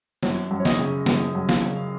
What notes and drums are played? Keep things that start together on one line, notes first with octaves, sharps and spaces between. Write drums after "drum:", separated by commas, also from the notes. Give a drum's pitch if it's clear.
F#2 C#5, drum: snare
F#2
C#5
D#5, drum: snare
C#3
F#2, drum: snare
F#2
F5, drum: snare
C#3